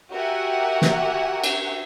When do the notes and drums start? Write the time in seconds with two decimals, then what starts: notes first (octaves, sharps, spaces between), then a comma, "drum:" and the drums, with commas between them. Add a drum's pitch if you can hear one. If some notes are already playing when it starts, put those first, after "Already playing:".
0.11 F#4 G4 A#4 E5 F#5 G#5
0.82 drum: snare
1.44 drum: cymbal